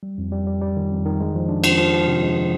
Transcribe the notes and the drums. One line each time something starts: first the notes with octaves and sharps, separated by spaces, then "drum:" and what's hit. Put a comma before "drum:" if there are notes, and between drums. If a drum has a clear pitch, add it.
G3
F2
G3
G3
G3
D#3
F2
D#3
G#3
F3
D4
F3, drum: cymbal
F3
F3
C3
G#3